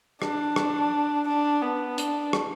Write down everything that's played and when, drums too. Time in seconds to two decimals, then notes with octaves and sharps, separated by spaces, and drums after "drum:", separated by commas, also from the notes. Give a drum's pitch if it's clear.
0.22 D4, drum: rim click
0.56 drum: rim click
1.27 D4
1.62 B3
1.98 D4, drum: hi-hat
2.33 drum: rim click